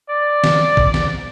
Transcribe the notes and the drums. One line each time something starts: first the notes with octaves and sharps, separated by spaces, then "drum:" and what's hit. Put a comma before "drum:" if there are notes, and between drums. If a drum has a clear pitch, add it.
D5
drum: snare
drum: kick
drum: snare